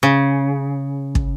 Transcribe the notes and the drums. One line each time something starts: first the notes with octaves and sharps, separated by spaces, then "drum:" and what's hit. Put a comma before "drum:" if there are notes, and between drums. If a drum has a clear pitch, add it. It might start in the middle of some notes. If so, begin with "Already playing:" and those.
C#3
drum: kick